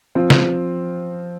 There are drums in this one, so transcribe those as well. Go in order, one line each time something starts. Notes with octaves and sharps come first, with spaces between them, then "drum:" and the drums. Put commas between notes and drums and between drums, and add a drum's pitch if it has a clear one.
F3 C4 F4
drum: snare